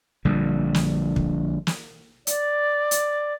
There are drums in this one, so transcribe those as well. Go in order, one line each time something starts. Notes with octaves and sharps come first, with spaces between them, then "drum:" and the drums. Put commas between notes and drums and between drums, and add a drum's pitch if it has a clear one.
A#1 D3 G3
drum: snare
drum: kick
drum: snare
D5, drum: hi-hat
drum: hi-hat